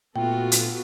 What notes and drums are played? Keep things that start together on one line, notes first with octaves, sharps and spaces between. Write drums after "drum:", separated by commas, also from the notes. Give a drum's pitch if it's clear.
A#2 A3 B3 F4 F#4 A4 G5
drum: hi-hat